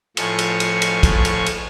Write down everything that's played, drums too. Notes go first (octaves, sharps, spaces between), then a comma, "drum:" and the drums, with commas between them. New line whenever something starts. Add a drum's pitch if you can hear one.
A2 F3 G#5 C#6 G#6, drum: cymbal
drum: cymbal
drum: cymbal
drum: cymbal
drum: kick, cymbal
drum: cymbal
drum: cymbal